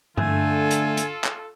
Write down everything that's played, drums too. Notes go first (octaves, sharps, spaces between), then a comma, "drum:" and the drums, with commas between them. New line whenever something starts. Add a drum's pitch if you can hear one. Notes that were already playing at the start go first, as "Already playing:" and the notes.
D3 A3 F4 A4 G#5, drum: tom G2
drum: hi-hat
drum: hi-hat
drum: clap